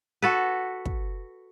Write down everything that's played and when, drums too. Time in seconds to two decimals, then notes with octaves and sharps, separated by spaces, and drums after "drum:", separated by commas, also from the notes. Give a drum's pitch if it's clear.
0.22 F#4 A4 B4
0.86 drum: kick